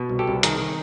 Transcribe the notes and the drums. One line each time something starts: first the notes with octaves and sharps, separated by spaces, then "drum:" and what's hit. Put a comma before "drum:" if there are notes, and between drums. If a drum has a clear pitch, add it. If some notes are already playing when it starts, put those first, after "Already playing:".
Already playing: B2
C2
G4 A4
C2
D#3 G#4 A#4, drum: hi-hat
D#3